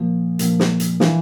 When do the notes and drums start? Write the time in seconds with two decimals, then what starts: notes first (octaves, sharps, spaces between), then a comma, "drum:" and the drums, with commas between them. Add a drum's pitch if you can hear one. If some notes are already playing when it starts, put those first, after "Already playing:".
Already playing: A#2 F3
0.39 A#2 F3, drum: hi-hat
0.60 drum: snare
0.80 drum: hi-hat
1.00 E3 F4, drum: snare